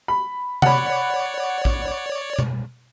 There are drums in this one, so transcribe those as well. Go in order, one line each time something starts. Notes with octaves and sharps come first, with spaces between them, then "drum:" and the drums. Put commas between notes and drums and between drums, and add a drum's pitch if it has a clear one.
B5
C#5 D5 F#5 B5, drum: tom C3
drum: kick A1
drum: tom B2